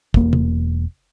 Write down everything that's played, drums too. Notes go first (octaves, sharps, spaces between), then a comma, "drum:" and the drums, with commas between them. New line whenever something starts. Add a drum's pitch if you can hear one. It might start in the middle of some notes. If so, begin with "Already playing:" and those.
E1 A#3, drum: kick
drum: tom C3